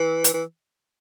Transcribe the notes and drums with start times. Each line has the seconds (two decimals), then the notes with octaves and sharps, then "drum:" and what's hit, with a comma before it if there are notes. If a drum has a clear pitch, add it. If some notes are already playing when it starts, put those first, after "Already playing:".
Already playing: E3
0.24 drum: hi-hat
0.34 E3